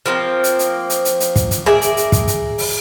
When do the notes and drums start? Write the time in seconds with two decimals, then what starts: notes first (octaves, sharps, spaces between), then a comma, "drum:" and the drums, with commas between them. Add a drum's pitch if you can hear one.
0.06 F3 A#3 C4
0.44 drum: hi-hat
0.59 drum: hi-hat
0.90 drum: hi-hat
1.05 drum: hi-hat
1.20 drum: hi-hat
1.36 drum: kick, hi-hat
1.51 drum: hi-hat
1.66 G#4 A#4 D5 E5, drum: rim click
1.82 drum: hi-hat
1.97 drum: hi-hat
2.12 drum: kick, hi-hat
2.28 drum: hi-hat
2.58 drum: open hi-hat